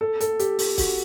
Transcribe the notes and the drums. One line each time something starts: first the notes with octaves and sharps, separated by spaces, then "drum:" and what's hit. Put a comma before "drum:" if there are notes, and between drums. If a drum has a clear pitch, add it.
A4
A4, drum: hi-hat
G4, drum: hi-hat
G4, drum: open hi-hat
F#4, drum: kick, open hi-hat